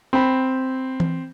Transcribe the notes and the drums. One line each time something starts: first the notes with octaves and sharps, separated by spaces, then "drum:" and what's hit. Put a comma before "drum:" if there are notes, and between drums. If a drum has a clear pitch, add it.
C4 B5
drum: tom E3